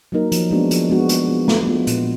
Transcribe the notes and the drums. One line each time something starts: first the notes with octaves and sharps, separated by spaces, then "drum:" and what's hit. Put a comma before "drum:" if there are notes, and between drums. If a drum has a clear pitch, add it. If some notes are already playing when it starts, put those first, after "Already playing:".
F#3 A#3 D#4 A#4
F3, drum: hi-hat
G#3 B3 D4 F#4
F3, drum: hi-hat
G#3 B3 D4 F#4
G#3, drum: hi-hat
B3 F4
G#3, drum: snare
B3 F4
A#2, drum: hi-hat